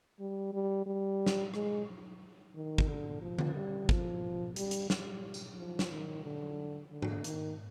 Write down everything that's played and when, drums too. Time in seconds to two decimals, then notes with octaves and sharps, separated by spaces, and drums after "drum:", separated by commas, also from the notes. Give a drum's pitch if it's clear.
0.20 G3
0.53 G3
0.86 G3
1.26 drum: snare
1.54 G#3, drum: rim click
2.55 D#3
2.78 drum: kick
2.88 D3
3.22 F3
3.39 drum: tom D3
3.55 G3
3.89 F3, drum: kick
4.56 G3, drum: hi-hat
4.71 drum: hi-hat
4.90 G3, drum: snare
5.34 drum: tambourine
5.57 F3
5.79 drum: snare
5.91 D#3
6.24 D3
6.91 D3
7.02 drum: tom G#2
7.24 D#3, drum: hi-hat